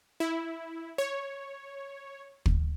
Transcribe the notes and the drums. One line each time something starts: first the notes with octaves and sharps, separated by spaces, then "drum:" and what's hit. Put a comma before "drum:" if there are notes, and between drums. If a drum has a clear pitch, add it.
E4
C#5
drum: kick